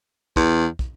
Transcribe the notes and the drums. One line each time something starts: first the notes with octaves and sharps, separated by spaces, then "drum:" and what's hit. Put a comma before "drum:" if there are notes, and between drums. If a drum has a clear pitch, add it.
E2, drum: kick
drum: kick